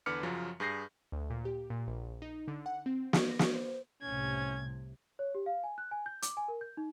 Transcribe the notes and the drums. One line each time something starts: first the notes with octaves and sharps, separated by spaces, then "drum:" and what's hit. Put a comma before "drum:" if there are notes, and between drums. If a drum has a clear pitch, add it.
E2 D3 B4 D6 F6 C#7
F#2 C#3 F3 F#3
G2 G#4 G6 A#6 C7
D2
A#2
G4
A#2
A#1
D#4
D3
F#5
C4
drum: snare
A#6
drum: snare
C5
C2 A2 C3 C#4 G#6
C#5
G4
F5
G#5
F#6
G#5
G6
D6, drum: hi-hat
G#5
A#4
G6
D#4